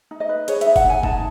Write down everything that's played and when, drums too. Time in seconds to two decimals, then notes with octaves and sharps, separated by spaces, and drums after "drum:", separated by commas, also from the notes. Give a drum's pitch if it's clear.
0.11 D#4
0.20 D#5
0.29 B4
0.48 G#4 C#5, drum: hi-hat
0.61 D#4 E5, drum: hi-hat
0.76 F#5, drum: kick F#1, open hi-hat
0.85 D#4 G#5
1.03 D#4 A5, drum: kick F#1